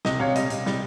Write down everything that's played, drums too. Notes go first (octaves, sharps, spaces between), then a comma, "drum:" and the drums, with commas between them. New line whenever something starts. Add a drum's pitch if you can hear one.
C3 D#5, drum: snare
C3 C#5 F5
G3 D#5, drum: hi-hat
C3, drum: hi-hat
G3, drum: snare